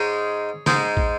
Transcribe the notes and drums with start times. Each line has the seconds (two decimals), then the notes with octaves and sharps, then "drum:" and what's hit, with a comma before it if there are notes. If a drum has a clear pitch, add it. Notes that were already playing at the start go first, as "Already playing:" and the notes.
Already playing: G#2 G#3 D#4 G#4 C#5
0.66 G#2 G#3 D#4, drum: snare
0.97 drum: kick